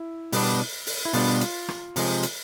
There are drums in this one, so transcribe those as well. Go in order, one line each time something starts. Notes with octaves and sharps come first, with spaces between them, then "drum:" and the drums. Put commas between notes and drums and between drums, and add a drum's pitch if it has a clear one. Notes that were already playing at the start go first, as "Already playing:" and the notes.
Already playing: E4
B2 G3 B3 D4, drum: open hi-hat
drum: open hi-hat
E4
B2 G3 B3 D4 F4, drum: open hi-hat
drum: hi-hat
drum: rim click
C3 F3 G#3, drum: open hi-hat
drum: hi-hat